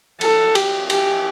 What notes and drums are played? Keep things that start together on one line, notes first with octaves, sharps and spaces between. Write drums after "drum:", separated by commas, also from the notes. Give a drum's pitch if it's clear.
A4, drum: cymbal
G4, drum: cymbal
G4, drum: cymbal